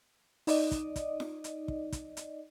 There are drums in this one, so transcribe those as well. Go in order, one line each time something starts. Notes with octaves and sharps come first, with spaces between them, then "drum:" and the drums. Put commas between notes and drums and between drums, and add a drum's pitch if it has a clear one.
D#4 D5 D#5, drum: open hi-hat
drum: kick, hi-hat
drum: kick, hi-hat
drum: snare F4
drum: hi-hat
drum: kick
drum: kick, hi-hat
drum: hi-hat